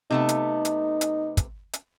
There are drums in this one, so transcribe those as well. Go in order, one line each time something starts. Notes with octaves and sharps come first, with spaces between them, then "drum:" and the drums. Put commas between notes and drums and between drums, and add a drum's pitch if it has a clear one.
C3 A3 B3 D#4
drum: hi-hat
drum: hi-hat
drum: hi-hat
drum: kick, hi-hat
drum: hi-hat